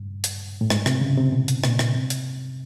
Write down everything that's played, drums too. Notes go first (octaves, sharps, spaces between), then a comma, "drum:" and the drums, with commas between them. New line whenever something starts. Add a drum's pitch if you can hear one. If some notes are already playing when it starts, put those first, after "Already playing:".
Already playing: G2
drum: hi-hat
A2
G#2, drum: rim click
C3, drum: rim click
C#3
C3
B2
drum: hi-hat
A#2, drum: rim click
drum: rim click
C3
drum: hi-hat